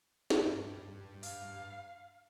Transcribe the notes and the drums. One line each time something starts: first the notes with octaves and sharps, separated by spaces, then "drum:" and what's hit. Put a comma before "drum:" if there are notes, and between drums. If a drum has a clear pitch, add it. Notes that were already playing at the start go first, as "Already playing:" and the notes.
drum: snare
G2
F5, drum: open hi-hat